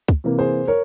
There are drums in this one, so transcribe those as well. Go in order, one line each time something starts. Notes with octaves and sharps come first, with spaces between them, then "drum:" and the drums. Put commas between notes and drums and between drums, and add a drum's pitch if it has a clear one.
drum: kick
C3 E3 A#3
G#4 C5
A#4 C#5